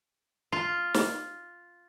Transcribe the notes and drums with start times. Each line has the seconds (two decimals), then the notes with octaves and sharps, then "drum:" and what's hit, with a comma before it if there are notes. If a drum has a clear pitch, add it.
0.52 F4
0.94 drum: snare